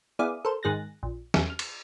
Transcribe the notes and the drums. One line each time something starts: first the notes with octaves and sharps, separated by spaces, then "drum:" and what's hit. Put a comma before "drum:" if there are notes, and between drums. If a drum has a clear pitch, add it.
B3 E4 G#4 D5 F5 D#6
A4 A#4 C5
G#2 D#3 G#4 F#6 A6 A#6
A#1
E2 C#3, drum: snare
F6
drum: cymbal